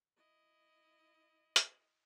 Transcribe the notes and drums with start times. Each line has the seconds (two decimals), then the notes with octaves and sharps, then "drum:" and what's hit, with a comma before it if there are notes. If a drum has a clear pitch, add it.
0.17 E4 D#5
1.56 drum: hi-hat